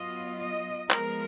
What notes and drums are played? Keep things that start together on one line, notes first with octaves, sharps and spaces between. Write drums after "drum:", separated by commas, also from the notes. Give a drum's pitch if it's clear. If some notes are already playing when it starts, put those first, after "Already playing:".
Already playing: F#3 B3 F4 D#5
D#5
F3 G#3 B3 A#4, drum: clap